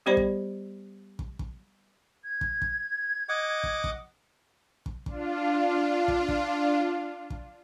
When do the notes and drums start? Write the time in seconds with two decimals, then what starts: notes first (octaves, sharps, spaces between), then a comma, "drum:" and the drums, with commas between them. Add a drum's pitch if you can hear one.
0.06 G3 B3 G4 C5 D5 B5
0.17 drum: kick
1.19 drum: kick
1.39 drum: kick
2.24 G#6
2.41 drum: kick
2.62 drum: kick
3.29 D#5 F#5 D6
3.64 drum: kick
3.84 drum: kick
4.86 drum: kick
5.06 D4 F4, drum: kick
6.08 drum: kick
6.29 drum: kick
7.30 drum: kick